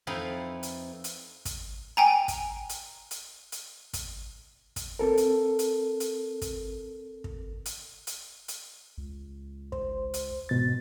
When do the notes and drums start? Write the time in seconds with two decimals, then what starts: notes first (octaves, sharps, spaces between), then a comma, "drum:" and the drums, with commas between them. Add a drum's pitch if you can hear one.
0.07 F2 D#4 E4 B4 F5 B5
0.63 drum: hi-hat
1.04 drum: hi-hat
1.45 drum: kick, hi-hat
1.97 G5 G#5 A#5
2.28 drum: kick, hi-hat
2.69 drum: hi-hat
3.11 drum: hi-hat
3.52 drum: hi-hat
3.93 drum: kick, hi-hat
4.76 drum: kick, hi-hat
4.99 C4 A4 A#4
5.17 drum: hi-hat
5.59 drum: hi-hat
6.00 drum: hi-hat
6.41 drum: kick, hi-hat
7.24 drum: kick
7.65 drum: hi-hat
8.07 drum: hi-hat
8.48 drum: hi-hat
8.98 C#2
9.72 C5, drum: kick
10.14 drum: hi-hat
10.49 G#2 B2 A6